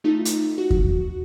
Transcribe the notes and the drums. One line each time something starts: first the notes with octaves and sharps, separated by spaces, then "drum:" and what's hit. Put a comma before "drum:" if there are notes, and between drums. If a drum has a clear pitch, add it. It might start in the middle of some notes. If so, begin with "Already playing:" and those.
A3 D#4 F4
drum: hi-hat
F#4
drum: kick E2